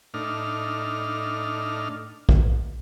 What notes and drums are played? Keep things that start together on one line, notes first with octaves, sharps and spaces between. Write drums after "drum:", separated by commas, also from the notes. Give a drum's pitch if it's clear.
A2 D4 D#4 F6
drum: kick A#1